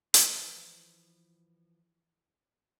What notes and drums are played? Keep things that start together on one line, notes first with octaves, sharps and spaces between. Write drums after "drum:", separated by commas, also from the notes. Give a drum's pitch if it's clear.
E3 F3, drum: hi-hat